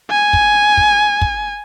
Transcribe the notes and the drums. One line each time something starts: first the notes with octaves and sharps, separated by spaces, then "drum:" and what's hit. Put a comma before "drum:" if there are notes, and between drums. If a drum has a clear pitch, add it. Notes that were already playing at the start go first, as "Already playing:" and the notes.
G#5
drum: kick
drum: kick
drum: kick